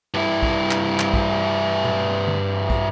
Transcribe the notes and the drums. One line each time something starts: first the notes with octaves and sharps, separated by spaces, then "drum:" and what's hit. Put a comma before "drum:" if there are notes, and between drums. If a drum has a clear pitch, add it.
G2 E4
drum: kick
drum: clap
drum: clap
drum: kick
drum: tom A#2
drum: tom D3
drum: kick